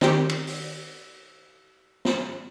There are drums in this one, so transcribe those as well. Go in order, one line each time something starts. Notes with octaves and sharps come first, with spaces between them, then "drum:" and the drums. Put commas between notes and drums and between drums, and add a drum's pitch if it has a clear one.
D#3 C4 G4, drum: snare
drum: cymbal
drum: open hi-hat
drum: snare